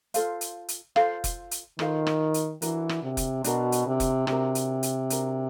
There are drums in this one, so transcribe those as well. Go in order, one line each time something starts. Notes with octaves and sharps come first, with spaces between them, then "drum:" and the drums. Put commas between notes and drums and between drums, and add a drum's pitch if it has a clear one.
F4 A4 C5 F5, drum: hi-hat
drum: hi-hat
drum: hi-hat
F4 A4 C5 F5, drum: rim click
drum: kick F1, hi-hat
drum: hi-hat
D#3 F4 A4 C5 F5, drum: rim click
drum: rim click
drum: hi-hat
E3 D4 F#4 A#4, drum: hi-hat
drum: rim click
C3
drum: kick F1, hi-hat
B2 D4 F#4 A#4, drum: hi-hat
drum: hi-hat
C3
drum: kick F1, hi-hat
C3 D4 F#4 A#4, drum: rim click
drum: hi-hat
drum: hi-hat
D4 F#4 A#4, drum: hi-hat